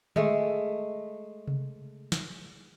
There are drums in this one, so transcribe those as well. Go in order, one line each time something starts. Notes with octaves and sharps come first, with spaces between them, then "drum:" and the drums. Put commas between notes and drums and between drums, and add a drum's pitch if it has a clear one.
G#3 A3, drum: tom D3
drum: tom C3
drum: snare